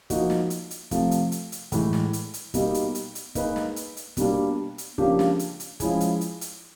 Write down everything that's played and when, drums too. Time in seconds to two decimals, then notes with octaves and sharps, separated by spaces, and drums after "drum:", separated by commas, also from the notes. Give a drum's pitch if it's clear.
0.10 F3 A#3 D#4 F#4, drum: kick, hi-hat
0.30 drum: snare
0.50 drum: hi-hat
0.71 drum: hi-hat
0.91 C3 F3 A3, drum: kick, hi-hat
1.11 drum: hi-hat
1.32 drum: hi-hat
1.52 drum: hi-hat
1.72 A2 E3 G#3, drum: kick, hi-hat
1.93 drum: snare
2.13 drum: hi-hat
2.34 drum: hi-hat
2.54 B2 G3 A#3 D#4, drum: kick, hi-hat
2.74 drum: hi-hat
2.95 drum: hi-hat
3.15 drum: hi-hat
3.35 A#3 D#4 G#4 B4, drum: kick, hi-hat
3.56 drum: snare
3.76 drum: hi-hat
3.97 drum: hi-hat
4.17 B2 G3 A#3 D4, drum: kick, hi-hat
4.78 drum: hi-hat
4.98 C#3 F3 A#3 D4 G4, drum: kick
5.19 drum: snare
5.39 drum: hi-hat
5.60 drum: hi-hat
5.80 F3 G#3 C#4 E4 G#4, drum: kick, hi-hat
6.00 drum: hi-hat
6.21 drum: hi-hat
6.41 drum: hi-hat